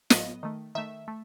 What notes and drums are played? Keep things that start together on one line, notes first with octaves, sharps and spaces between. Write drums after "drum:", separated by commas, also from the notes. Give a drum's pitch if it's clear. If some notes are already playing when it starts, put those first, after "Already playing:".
A2 F#3 B3 D#5, drum: snare
D#3 A3
D#3 A3 E5
A3